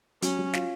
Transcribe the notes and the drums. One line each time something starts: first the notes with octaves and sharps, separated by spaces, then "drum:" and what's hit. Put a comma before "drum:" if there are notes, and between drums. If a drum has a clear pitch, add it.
F#3 C#4, drum: hi-hat
F#3
F4, drum: snare